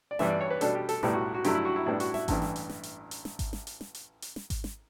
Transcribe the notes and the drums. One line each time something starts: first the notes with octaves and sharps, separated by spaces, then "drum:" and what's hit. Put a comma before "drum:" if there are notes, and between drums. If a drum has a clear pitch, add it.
D5
G2 E3 G3 B3 D4 E5, drum: snare
D5
C#5
B4
B2 G3 D4 A4, drum: hi-hat
G4
A4, drum: hi-hat
B1 A2 G3 B3 E4 G4, drum: snare
F#4
F#4
G2 F#3 A3 E4 G4, drum: hi-hat
E4
F#4
E4
A2 G3 B3 D4 E4
F#4, drum: hi-hat
E5, drum: snare
A1 G2 E3, drum: kick G#1, hi-hat
drum: snare
drum: hi-hat
drum: snare
drum: hi-hat
drum: hi-hat
drum: snare
drum: kick G#1, hi-hat
drum: snare
drum: hi-hat
drum: snare
drum: hi-hat
drum: hi-hat
drum: snare
drum: kick G#1, hi-hat
drum: snare